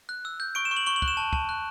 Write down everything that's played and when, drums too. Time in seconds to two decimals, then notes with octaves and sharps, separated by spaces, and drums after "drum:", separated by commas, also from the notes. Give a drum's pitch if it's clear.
0.09 F#6
0.25 E6
0.40 G6
0.55 C#6 D7
0.65 E7
0.71 C#6
0.77 F#7
0.86 C#6 G7
0.96 F#7
1.02 F#6, drum: kick
1.08 E7
1.17 A5
1.33 A5, drum: kick
1.49 F#6